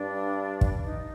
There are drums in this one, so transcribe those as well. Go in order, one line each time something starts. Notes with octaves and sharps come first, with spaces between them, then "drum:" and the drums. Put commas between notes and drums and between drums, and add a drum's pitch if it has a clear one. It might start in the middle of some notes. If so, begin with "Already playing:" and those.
Already playing: G2 D4
drum: kick
D#4